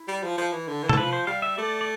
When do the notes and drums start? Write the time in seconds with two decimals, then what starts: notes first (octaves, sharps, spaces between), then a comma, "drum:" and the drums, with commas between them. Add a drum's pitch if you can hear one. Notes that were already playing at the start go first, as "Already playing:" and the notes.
Already playing: E4
0.08 G3
0.24 F3
0.38 F3
0.52 E3
0.68 D3
0.83 E3
0.89 A4, drum: tom C3
0.97 F3 B4
1.13 C5
1.27 G3 F5
1.42 E5
1.58 A3 D5
1.81 D5